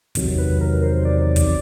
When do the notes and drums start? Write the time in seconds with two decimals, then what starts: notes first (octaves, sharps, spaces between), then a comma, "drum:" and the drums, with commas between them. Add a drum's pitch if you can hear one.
0.15 E2 C3 D#3 F#3, drum: kick, hi-hat
0.38 B4
0.61 A#4
0.83 C5
1.05 D5
1.36 drum: kick, hi-hat